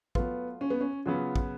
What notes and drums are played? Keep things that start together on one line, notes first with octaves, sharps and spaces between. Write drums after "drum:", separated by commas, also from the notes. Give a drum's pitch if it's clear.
F#3 A3 B3 F4, drum: kick
C#4
B3
C#4
C#3 F#3 B3 F4
drum: kick